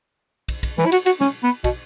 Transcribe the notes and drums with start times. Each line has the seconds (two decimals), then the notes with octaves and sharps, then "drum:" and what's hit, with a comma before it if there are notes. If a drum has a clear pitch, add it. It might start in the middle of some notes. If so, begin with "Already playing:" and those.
0.48 drum: kick, cymbal
0.63 drum: kick, cymbal
0.78 E3, drum: snare
0.86 E4
0.92 F#4, drum: cymbal
1.06 F#4, drum: cymbal
1.21 C#4, drum: snare
1.43 B3
1.64 B2, drum: kick, cymbal